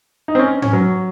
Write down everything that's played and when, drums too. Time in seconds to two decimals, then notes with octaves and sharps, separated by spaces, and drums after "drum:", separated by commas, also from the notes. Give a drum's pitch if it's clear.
0.28 D#4
0.35 C4
0.39 C#4
0.62 C#4, drum: tom G#2
0.73 F#3